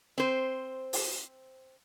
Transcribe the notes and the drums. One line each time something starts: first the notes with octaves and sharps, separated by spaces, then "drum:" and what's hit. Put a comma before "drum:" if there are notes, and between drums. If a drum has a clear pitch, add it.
C4 C5
drum: open hi-hat